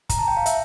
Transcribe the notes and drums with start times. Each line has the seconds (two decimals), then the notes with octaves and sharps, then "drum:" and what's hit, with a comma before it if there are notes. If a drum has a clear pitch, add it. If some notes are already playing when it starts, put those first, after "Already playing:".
0.09 A#5, drum: kick, hi-hat
0.19 A5
0.28 G5
0.37 F5
0.46 E5, drum: hi-hat